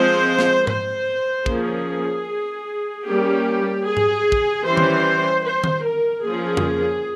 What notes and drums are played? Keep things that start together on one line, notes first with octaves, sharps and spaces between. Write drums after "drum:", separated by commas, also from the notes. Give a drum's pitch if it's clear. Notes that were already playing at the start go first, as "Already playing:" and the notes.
Already playing: F3 G#3 C4 C5
drum: snare
C5, drum: tom G#2
F3 A#3 C#4 G#4, drum: kick
G3 A#3 C#4 G4
G#4
drum: tom G#2
drum: kick
E3 G3 C#4 C5
drum: tom D#3
C5
drum: tom D#3
A#4
F3 A#3 C#4 G#4
drum: tom F2